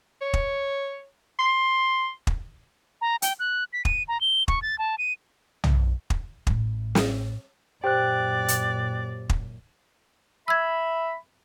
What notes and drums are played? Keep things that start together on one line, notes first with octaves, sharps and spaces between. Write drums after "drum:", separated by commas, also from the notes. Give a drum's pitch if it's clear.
C#5
drum: kick
C6
drum: kick
A#5
G5, drum: hi-hat
F#6
B6
D#7, drum: kick
A#5
G7
C#6, drum: kick
A6
A5
D#7
drum: tom
drum: kick
A1 A2, drum: kick
drum: snare
F#2 A#2 G4 C5 D5 G5 F#6
drum: hi-hat
drum: kick
E5 B5 E6 G#6